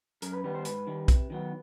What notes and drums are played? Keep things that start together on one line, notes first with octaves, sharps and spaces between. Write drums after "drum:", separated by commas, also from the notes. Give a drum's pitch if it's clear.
F#2 A#4, drum: hi-hat
B4
D#3 G3 B3 B4
C5
G#2 B4, drum: hi-hat
D#3 G3
C3, drum: kick B1, hi-hat
D#3 F#3 B3